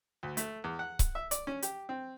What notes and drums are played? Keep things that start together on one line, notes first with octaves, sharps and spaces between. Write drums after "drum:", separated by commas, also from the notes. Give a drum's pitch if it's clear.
D2
A3, drum: hi-hat
E2
F#5
drum: kick C#1, hi-hat
E5
D5, drum: hi-hat
C#4
G4, drum: hi-hat
C4